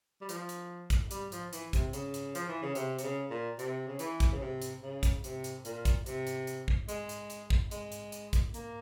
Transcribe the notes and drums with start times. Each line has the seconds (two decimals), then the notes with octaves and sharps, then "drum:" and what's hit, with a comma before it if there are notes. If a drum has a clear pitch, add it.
0.21 G3
0.29 F3, drum: hi-hat
0.49 drum: hi-hat
0.90 drum: kick, hi-hat
1.11 G3, drum: hi-hat
1.32 F3, drum: hi-hat
1.53 E3, drum: hi-hat
1.73 C3, drum: kick, hi-hat
1.93 C#3, drum: hi-hat
2.14 drum: hi-hat
2.35 F3, drum: hi-hat
2.48 E3
2.62 C#3
2.75 C3, drum: hi-hat
2.99 C3, drum: hi-hat
3.03 C#3
3.30 A#2
3.59 C3, drum: hi-hat
3.87 C#3
3.99 E3, drum: hi-hat
4.20 drum: kick, hi-hat
4.32 C#3
4.41 C3
4.62 drum: hi-hat
4.83 C#3
5.03 drum: kick, hi-hat
5.24 C3, drum: hi-hat
5.44 drum: hi-hat
5.65 A#2, drum: hi-hat
5.85 drum: kick, hi-hat
6.06 C3, drum: hi-hat
6.27 drum: hi-hat
6.47 drum: hi-hat
6.68 drum: kick
6.89 G#3, drum: hi-hat
7.09 drum: hi-hat
7.30 drum: hi-hat
7.50 drum: kick
7.71 G#3, drum: hi-hat
7.92 drum: hi-hat
8.12 drum: hi-hat
8.33 drum: kick, hi-hat
8.54 A#3, drum: hi-hat